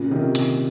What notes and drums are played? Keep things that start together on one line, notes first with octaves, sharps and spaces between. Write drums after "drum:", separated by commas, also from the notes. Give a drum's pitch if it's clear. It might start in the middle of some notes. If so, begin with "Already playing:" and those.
Already playing: A#2 C#3
C3 D#3
drum: hi-hat